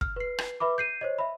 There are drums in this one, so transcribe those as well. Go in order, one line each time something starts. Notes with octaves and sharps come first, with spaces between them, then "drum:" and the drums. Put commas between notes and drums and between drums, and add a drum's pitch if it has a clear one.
F6, drum: kick
B4 C7
drum: rim click
B4 E5 B5 D6
G6 C7 D#7
C5 C#5 D#5
E5 B5